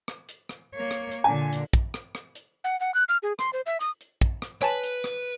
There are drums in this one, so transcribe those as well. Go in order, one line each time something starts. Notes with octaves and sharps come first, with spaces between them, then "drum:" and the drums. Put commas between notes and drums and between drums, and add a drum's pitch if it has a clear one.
drum: rim click
drum: hi-hat
drum: rim click
A#3 C#5
drum: rim click
drum: hi-hat
A#2 D3 G#5
drum: hi-hat
drum: kick, hi-hat
drum: rim click
drum: rim click
drum: hi-hat
F#5
F#5
F#6
F6
G#4
C6, drum: rim click
C5
E5
D#6, drum: hi-hat
drum: hi-hat
drum: kick, hi-hat
drum: rim click
B4 C#5 G#5 A5, drum: rim click
drum: hi-hat
drum: rim click